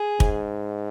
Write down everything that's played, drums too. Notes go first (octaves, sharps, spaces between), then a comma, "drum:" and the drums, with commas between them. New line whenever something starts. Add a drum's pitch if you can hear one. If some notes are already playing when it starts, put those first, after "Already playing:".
Already playing: G#4
G#2, drum: kick